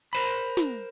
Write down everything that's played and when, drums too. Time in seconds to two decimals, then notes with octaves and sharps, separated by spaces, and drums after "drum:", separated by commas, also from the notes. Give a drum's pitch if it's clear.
0.13 A#4 C5 B5
0.57 drum: snare